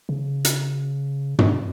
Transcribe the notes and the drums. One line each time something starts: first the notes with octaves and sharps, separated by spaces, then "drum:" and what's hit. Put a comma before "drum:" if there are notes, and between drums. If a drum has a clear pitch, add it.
C#3
drum: hi-hat
drum: tom